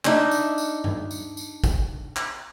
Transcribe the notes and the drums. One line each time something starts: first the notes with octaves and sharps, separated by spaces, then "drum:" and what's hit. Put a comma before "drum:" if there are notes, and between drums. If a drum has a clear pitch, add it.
D4 D#4 E5, drum: clap
drum: tambourine
drum: tambourine
drum: tom G2
drum: tambourine
drum: tambourine
drum: kick, tambourine
drum: clap